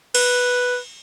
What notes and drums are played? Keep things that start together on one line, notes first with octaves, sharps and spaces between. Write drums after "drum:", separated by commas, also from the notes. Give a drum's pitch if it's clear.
B4, drum: cymbal